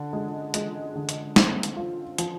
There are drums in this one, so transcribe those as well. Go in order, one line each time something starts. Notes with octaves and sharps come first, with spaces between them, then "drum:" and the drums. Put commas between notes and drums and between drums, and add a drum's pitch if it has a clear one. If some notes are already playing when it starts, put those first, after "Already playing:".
Already playing: D3
G#3
G#3, drum: hi-hat
D3
drum: hi-hat
C4, drum: snare
drum: hi-hat
F4
F3, drum: hi-hat